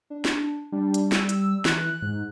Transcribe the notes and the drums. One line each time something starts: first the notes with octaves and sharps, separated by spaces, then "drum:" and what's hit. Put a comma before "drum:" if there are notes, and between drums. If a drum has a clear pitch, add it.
D4
drum: snare
G3 D4
drum: hi-hat
E6, drum: snare
drum: hi-hat
E3 F#6, drum: snare
G#2